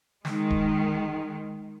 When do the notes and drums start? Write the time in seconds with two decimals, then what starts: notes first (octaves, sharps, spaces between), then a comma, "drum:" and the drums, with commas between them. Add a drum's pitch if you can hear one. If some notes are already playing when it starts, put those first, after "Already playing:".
0.25 D#3 G#3, drum: snare
0.50 drum: kick D1